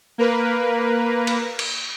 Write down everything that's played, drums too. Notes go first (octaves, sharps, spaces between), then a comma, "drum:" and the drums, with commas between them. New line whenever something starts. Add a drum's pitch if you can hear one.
A#3 A#4 B4
drum: cymbal
drum: cymbal